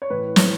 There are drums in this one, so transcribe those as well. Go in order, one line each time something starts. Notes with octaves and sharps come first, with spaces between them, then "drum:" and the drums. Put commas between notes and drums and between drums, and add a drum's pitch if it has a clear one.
C#5
A2 E3 B4
C#5, drum: snare